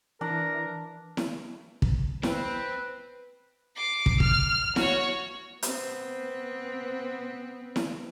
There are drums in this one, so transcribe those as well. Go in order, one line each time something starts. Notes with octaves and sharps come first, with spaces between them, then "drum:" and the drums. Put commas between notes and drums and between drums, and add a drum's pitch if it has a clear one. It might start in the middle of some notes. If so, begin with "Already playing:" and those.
E3 D4 A#4
drum: snare E4
drum: kick
C4 B4, drum: snare E4
D6 C7
drum: kick
F6, drum: kick
F#4 C#5, drum: snare E4
B3 C4, drum: hi-hat
drum: snare E4